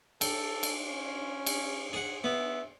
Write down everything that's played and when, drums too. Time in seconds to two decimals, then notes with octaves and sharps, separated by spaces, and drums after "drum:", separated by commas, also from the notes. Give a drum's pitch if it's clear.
0.21 A4 G5, drum: cymbal
0.63 drum: cymbal
0.88 C#4
1.46 drum: cymbal
1.93 G#4 F#5
2.24 B3 E5